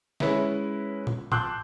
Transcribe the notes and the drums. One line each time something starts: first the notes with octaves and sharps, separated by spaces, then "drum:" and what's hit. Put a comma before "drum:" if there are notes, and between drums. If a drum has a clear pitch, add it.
G#3 C#4 E4 B4 C#5 E5, drum: snare
drum: tom A2
A5 C6 D6 E6 F#6 G6, drum: tom A2